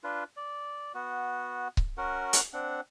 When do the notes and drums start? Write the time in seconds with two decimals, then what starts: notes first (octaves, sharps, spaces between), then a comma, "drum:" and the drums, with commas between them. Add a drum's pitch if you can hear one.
0.04 D4 F4 B4
0.37 D5
0.95 B3 F#4
1.77 drum: kick C#1
1.98 C#4 F#4 A#4 F#5
2.33 drum: hi-hat
2.53 C4 D4 F#5